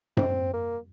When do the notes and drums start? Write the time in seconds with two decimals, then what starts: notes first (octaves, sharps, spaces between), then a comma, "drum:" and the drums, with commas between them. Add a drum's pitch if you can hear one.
0.17 C4, drum: tom F#2
0.54 A#3